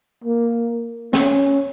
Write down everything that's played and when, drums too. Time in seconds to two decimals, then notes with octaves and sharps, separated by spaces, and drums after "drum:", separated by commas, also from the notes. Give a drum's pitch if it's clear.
0.24 A#3
1.13 C#4, drum: snare